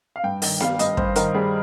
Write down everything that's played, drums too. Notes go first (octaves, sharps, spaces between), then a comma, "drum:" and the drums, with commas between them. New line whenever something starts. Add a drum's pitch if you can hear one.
F5
G2 G5
D#3, drum: open hi-hat
G3 F5, drum: snare B3
G2 D#5, drum: hi-hat
G2 C5, drum: kick
D#3 A#4, drum: hi-hat
G3 G#4